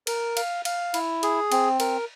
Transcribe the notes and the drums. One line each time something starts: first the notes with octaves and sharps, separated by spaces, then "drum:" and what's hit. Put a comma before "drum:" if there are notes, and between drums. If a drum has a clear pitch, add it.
A#4, drum: cymbal
F5, drum: cymbal
F5, drum: cymbal
E4, drum: cymbal
G#4, drum: cymbal
C4, drum: cymbal
A#4, drum: cymbal